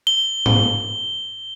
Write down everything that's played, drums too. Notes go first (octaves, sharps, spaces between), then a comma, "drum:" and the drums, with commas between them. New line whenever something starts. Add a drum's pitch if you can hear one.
G7
drum: tom G#2